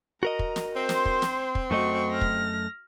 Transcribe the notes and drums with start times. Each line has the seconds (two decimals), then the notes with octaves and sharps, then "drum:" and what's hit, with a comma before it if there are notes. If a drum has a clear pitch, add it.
0.23 F#4 A#4 D#5 A#5
0.39 drum: kick
0.56 drum: snare
0.76 C4 C5 C6
0.89 drum: snare
1.05 drum: kick
1.22 drum: snare
1.55 drum: kick
1.71 F#2 A3 F#4 D#5 C#6
2.12 F6 A#6
2.21 drum: kick